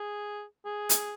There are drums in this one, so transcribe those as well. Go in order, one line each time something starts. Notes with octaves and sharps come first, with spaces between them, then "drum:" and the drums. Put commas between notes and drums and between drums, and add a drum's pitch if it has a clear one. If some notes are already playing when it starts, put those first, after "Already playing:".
Already playing: G#4
G#4
drum: hi-hat